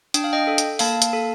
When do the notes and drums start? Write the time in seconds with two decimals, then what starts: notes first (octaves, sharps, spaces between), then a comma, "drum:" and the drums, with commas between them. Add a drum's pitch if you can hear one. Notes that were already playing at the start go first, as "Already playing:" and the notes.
0.14 D4 G5, drum: hi-hat
0.24 F5
0.33 D#5 G5
0.47 A4
0.58 drum: hi-hat
0.79 A#3 F5 A5, drum: open hi-hat
1.02 drum: hi-hat
1.13 A4